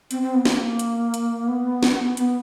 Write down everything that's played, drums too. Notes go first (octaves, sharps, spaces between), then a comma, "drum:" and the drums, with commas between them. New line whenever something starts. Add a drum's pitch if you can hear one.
C4, drum: hi-hat
C4
B3
A#3, drum: snare
drum: hi-hat
drum: hi-hat
B3
drum: snare
B3, drum: hi-hat